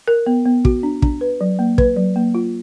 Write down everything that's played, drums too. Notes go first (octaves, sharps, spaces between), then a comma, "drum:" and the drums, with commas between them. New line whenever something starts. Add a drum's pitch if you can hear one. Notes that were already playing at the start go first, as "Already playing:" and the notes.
A#4
B3
B3
F#4, drum: kick
D4
D4, drum: kick
B4
F#3
A#3
B4, drum: kick
F#3
A#3
F4